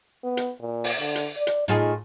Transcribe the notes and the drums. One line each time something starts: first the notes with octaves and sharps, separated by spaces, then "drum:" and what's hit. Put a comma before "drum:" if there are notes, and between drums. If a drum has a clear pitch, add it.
B3
drum: hi-hat
A#2
drum: open hi-hat
D3
drum: hi-hat
D5
drum: hi-hat
A2 D#4 F4 G#4